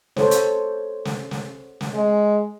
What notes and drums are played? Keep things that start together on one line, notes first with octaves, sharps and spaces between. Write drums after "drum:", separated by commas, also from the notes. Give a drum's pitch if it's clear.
A4 C5 C#5, drum: snare
drum: hi-hat
drum: snare
drum: snare
drum: snare
G#3